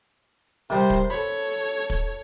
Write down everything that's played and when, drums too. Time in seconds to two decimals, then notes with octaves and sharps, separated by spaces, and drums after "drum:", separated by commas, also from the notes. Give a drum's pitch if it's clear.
0.70 C3 G3 A#4 C5
0.90 drum: kick
1.10 A4 C#5 B5
1.90 drum: kick